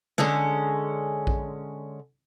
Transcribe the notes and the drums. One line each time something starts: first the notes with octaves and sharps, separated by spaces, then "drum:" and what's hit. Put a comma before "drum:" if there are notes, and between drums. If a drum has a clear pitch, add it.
D3 G#3 C#4, drum: snare
drum: kick A#1